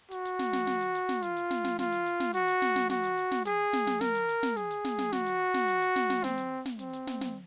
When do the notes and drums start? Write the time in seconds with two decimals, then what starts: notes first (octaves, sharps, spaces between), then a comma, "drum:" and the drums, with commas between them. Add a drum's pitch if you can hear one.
0.11 F#4, drum: hi-hat
0.25 drum: hi-hat
0.39 drum: snare
0.53 drum: snare
0.67 drum: snare
0.81 drum: hi-hat
0.95 drum: hi-hat
1.09 drum: snare
1.22 F4, drum: hi-hat
1.37 drum: hi-hat
1.51 drum: snare
1.64 drum: snare
1.79 F4, drum: snare
1.92 drum: hi-hat
2.06 drum: hi-hat
2.20 drum: snare
2.34 F#4, drum: hi-hat
2.48 drum: hi-hat
2.62 drum: snare
2.76 drum: snare
2.90 F#4, drum: snare
3.04 drum: hi-hat
3.18 drum: hi-hat
3.31 drum: snare
3.45 G#4, drum: hi-hat
3.73 drum: snare
3.87 drum: snare
4.01 A#4, drum: snare
4.15 drum: hi-hat
4.29 drum: hi-hat
4.43 drum: snare
4.57 G#4, drum: hi-hat
4.71 drum: hi-hat
4.85 drum: snare
4.98 drum: snare
5.12 F#4, drum: snare
5.26 drum: hi-hat
5.54 drum: snare
5.68 drum: hi-hat
5.82 drum: hi-hat
5.96 drum: snare
6.10 drum: snare
6.24 C4, drum: snare
6.38 drum: hi-hat
6.65 drum: snare
6.79 C4, drum: hi-hat
6.93 drum: hi-hat
7.07 drum: snare
7.21 drum: snare